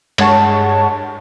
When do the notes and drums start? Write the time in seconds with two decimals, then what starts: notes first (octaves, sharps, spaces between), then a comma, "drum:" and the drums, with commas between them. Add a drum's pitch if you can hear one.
0.18 G2 G#3 C#5 F#5 A5 C#6, drum: cymbal